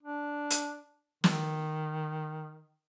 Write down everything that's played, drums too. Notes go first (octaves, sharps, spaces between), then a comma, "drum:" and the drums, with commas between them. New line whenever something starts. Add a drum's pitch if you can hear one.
D4
drum: hi-hat
D#3, drum: snare